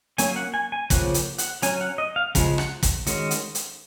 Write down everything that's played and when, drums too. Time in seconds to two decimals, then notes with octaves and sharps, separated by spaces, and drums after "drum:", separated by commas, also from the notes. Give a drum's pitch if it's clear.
0.18 F#3 A#3 C#4 G#5, drum: hi-hat
0.36 F#5
0.54 G#5
0.72 G#5
0.90 C#3 F3 A#3 C#4 F#5, drum: kick, hi-hat
1.14 drum: hi-hat
1.38 F#5, drum: hi-hat
1.62 F#3 C#4 G#5, drum: hi-hat
1.81 F#5
1.98 D#5
2.16 F5
2.35 C#3 F3 G#3, drum: kick, hi-hat
2.58 F#5, drum: rim click
2.83 drum: kick, hi-hat
3.07 D#3 G#3 C#4 F#4, drum: hi-hat
3.31 drum: hi-hat
3.55 drum: hi-hat